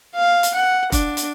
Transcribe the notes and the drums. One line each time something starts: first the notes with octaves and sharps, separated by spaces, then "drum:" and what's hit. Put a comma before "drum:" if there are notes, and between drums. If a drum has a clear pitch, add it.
F5
drum: hi-hat
F#5
D4, drum: kick F1, hi-hat
drum: hi-hat